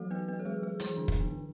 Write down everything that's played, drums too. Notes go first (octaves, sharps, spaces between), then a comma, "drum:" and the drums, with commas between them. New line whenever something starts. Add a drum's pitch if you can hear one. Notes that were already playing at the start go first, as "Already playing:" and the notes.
Already playing: E3 F#3 A3 F#4 A4
B3 B4
B3 B4
A4
G#3 G#4
G#3 G#4
E3 E4, drum: hi-hat
D3 D4
drum: kick
B3